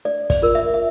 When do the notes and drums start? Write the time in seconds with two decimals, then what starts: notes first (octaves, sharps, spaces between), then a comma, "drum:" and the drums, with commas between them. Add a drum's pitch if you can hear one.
0.05 D4 D5
0.30 D5, drum: kick, open hi-hat
0.42 F4 A#4
0.55 E5
0.74 E5